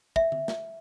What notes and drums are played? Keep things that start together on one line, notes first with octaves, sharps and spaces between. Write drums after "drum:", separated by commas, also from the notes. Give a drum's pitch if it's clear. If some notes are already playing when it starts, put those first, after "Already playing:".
E5, drum: kick
drum: tom D3
drum: snare